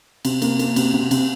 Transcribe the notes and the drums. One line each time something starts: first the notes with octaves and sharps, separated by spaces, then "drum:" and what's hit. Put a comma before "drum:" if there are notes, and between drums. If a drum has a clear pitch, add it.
C3, drum: cymbal
A#3, drum: cymbal
A#3, drum: cymbal
C3, drum: cymbal
C3
C3, drum: cymbal